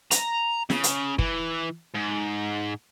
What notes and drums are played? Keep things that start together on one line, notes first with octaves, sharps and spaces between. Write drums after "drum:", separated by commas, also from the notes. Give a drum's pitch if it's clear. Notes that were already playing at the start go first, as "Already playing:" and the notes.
A#5, drum: hi-hat
C#3, drum: snare
drum: hi-hat
E3, drum: kick
G#2